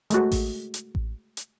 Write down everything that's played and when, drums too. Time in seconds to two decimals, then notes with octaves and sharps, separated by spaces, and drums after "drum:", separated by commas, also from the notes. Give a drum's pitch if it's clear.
0.10 G#3 A3 F#4, drum: hi-hat
0.32 drum: kick A1, open hi-hat
0.74 drum: hi-hat
0.95 drum: kick A1
1.37 drum: hi-hat